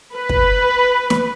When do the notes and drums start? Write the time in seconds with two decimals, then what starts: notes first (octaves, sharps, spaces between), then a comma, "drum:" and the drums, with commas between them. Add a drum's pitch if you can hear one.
0.13 B4
0.29 drum: kick
1.10 drum: snare